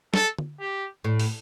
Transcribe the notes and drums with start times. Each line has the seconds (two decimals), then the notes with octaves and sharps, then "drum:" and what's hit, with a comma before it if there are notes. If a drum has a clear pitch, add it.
0.14 A4, drum: snare
0.38 drum: tom D3
0.60 G4
1.04 A2
1.20 drum: open hi-hat